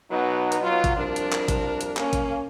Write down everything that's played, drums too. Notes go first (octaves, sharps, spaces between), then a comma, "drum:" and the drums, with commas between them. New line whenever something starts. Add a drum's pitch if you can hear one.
B2 F#3 B3 D#4
drum: hi-hat
F#3 F4
drum: kick, hi-hat
C2 F3 D4 A#4
drum: hi-hat
drum: clap
drum: kick, hi-hat
drum: hi-hat
A#3 C#4, drum: clap
drum: kick, hi-hat